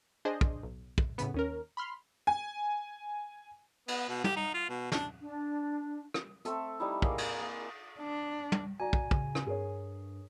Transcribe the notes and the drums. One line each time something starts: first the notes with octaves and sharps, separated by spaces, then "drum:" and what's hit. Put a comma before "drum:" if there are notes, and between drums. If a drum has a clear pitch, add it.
D4 G#4 C5 D#5
drum: kick
B1
drum: kick
A2 C#3 B3, drum: hi-hat
D#2 C#4 A#4
B5 C6 F6
G#5
B3, drum: cymbal
B2
G4, drum: tom
D#4
F4
B2
D4, drum: snare
D4
drum: rim click
A3 C4 A4 E5, drum: hi-hat
G3 D#4 E4
A#3 G#4 A#4 D5, drum: kick
drum: cymbal
A#3
D4
drum: tom
F#4 D5 G#5 A#5
drum: kick
C#3, drum: kick
drum: rim click
G2 G#4 A#4 C#5